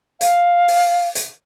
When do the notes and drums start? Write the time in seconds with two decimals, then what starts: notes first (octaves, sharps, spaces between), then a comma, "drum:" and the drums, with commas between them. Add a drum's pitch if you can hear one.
0.21 F5, drum: hi-hat
0.68 drum: open hi-hat
1.15 drum: hi-hat